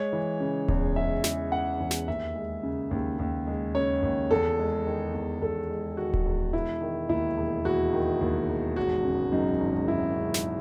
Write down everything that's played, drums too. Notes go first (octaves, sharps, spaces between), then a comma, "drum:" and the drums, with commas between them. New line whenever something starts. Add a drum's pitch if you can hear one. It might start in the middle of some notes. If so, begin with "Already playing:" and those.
Already playing: G#3 C#5
E3
C#3
E2, drum: kick D1
G#3 E5
E3, drum: snare
C#3 F#5
E2
drum: snare
D#2 E5
G#3
C#3
D#2
D#2
G#3
C#3 C#5
D#2
E2 A4
G#3
D#3
E2
E2 A4
G#3
D#3 F#4
drum: kick D1
E2
E1 E4
D#3
D#2 E4
E1
E1 F#4
D#3
D#2
E1
G#1 F#4
C#3
F#2 D#4
G#1
G#1 E4
C#3
drum: snare